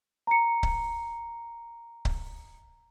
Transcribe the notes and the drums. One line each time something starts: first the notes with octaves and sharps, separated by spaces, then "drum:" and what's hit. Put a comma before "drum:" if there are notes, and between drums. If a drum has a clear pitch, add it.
A#5 C#7
drum: kick C#1
drum: kick C#1